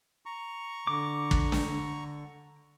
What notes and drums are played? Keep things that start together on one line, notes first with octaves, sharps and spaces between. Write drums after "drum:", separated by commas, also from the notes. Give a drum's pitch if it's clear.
A#5 C#6
D3 D6
drum: kick
drum: snare